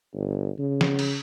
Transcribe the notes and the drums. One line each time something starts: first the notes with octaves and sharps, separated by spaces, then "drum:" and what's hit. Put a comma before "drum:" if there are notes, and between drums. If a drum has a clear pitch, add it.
G1
C#3
drum: snare
drum: cymbal